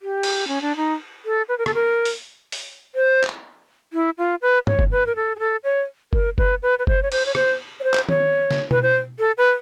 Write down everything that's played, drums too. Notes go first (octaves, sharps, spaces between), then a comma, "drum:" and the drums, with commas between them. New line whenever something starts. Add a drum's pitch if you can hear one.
G4
drum: cymbal
C#4
D4
D#4
A4
B4
A#4
A4, drum: rim click
A#4
drum: open hi-hat
drum: open hi-hat
C5
drum: clap
E4
F4
B4
C#5, drum: tom G2
drum: kick F#1
B4
A#4
A4
G#4
A4
C#5
A#4, drum: kick F#1
B4, drum: kick F#1
B4
B4
C5, drum: kick F#1
C#5
C5, drum: cymbal
C#5
C5, drum: rim click
C#5
C5
drum: clap
C#5, drum: tom D#3
drum: snare
B4, drum: tom B2
C5
A4
B4